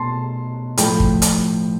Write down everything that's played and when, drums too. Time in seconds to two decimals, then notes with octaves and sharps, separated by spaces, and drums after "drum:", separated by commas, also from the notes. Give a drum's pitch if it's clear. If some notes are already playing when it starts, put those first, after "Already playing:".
Already playing: B2 A3 A5 C6
0.77 A2 F3 A3 G5 B5, drum: hi-hat
1.00 drum: kick
1.22 drum: hi-hat